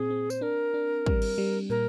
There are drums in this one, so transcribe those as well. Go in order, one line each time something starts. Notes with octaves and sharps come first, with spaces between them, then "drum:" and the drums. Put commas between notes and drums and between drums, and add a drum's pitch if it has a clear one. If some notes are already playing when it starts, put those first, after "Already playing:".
Already playing: A#2 C4 G#4
C4
C5, drum: tambourine
D4 A#4
D4
G3, drum: kick
drum: cymbal
G3
A#2 A#4